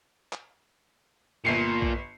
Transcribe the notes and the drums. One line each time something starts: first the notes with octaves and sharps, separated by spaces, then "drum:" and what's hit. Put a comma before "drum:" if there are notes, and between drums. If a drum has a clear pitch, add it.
drum: clap
G1 A#2 C7 C#7
drum: kick A#1